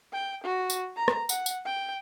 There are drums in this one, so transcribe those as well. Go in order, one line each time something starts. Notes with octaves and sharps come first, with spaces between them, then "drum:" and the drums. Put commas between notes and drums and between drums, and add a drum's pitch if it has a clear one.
G5
F#4
drum: tambourine
A#5
drum: rim click
F#5, drum: tambourine
drum: tambourine
G5